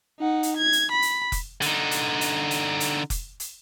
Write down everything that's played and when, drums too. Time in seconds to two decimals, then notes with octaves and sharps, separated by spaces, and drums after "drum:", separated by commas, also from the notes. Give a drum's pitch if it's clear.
0.20 D#4 F#5
0.43 drum: hi-hat
0.57 G#6
0.73 drum: hi-hat
0.92 B5
1.02 drum: hi-hat
1.32 drum: kick F1, hi-hat
1.62 D3 D#4, drum: hi-hat
1.91 drum: hi-hat
2.21 drum: hi-hat
2.51 drum: hi-hat
2.80 drum: hi-hat
3.10 drum: kick F1, hi-hat
3.40 drum: hi-hat